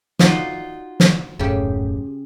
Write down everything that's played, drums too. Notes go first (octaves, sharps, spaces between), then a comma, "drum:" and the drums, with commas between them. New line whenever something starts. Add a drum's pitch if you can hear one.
D#4 F4 F#4 D5, drum: snare
drum: snare
D#1 F#2 A2 C#3 G4